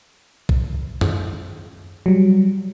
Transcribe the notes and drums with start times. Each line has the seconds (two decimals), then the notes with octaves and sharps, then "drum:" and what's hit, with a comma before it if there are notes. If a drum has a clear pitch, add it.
0.49 drum: kick B1
1.01 drum: tom F#2
2.06 F#3 G3